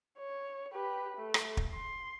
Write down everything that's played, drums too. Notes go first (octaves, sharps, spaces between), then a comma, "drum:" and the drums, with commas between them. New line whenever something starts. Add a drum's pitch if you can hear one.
C#5
G4 B4
A3
drum: rim click
drum: kick
C6